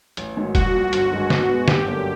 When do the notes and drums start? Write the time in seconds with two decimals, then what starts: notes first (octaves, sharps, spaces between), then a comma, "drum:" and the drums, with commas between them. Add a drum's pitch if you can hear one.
0.17 A1, drum: hi-hat
0.37 G#2 D#3 F#3
0.55 C2 F#4, drum: kick F1, hi-hat
0.74 A#2 F3
0.93 G1 F#4, drum: hi-hat
1.11 G2 D#3 G#3
1.30 B2 F#4, drum: snare
1.49 G#3 B3
1.68 G1 G4, drum: snare
1.87 F#2 D3 F#3 A#3